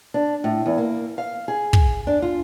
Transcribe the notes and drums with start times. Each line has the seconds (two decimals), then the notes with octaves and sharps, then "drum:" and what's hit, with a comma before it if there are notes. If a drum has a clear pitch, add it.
0.14 D4
0.44 A2
0.66 E2
0.78 A#3
1.18 F5
1.48 G#4
1.73 drum: kick
2.07 D4
2.22 F4